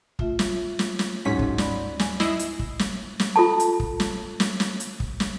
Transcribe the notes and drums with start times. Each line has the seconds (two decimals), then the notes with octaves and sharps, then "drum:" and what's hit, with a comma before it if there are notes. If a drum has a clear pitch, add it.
0.19 A3 F4 E5, drum: kick
0.39 drum: snare
0.79 drum: snare
0.99 drum: snare
1.25 D2 G#2 F#3 C#4 B6
1.39 drum: kick
1.58 D5 B5, drum: snare
1.99 G#5, drum: snare
2.20 E4 D#5 E6 C7, drum: snare
2.39 drum: hi-hat
2.59 drum: kick
2.79 drum: snare
3.20 drum: snare
3.36 F4 A4 A5
3.60 drum: hi-hat
3.80 drum: kick
4.00 drum: snare
4.40 drum: snare
4.60 drum: snare
4.80 drum: hi-hat
5.00 drum: kick
5.20 drum: snare